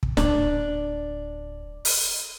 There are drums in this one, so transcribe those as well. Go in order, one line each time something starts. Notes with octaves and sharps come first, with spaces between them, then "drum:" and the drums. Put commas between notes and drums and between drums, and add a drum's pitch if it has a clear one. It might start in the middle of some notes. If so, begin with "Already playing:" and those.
drum: kick
D1 D4, drum: snare
drum: open hi-hat